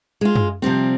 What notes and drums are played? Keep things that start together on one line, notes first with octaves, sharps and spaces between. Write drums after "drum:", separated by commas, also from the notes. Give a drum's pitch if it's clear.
G#3 F4
drum: tom F#2
C3 F3 G3 C4